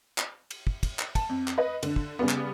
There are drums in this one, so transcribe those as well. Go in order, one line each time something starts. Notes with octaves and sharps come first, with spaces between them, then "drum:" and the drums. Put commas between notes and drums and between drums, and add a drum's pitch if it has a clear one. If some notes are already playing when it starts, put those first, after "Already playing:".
drum: clap
drum: cymbal
drum: kick
drum: kick, cymbal
drum: clap
A5, drum: kick, cymbal
F2
drum: clap
B4 D#5
D3, drum: cymbal
drum: kick
C#3 G3 B3
drum: clap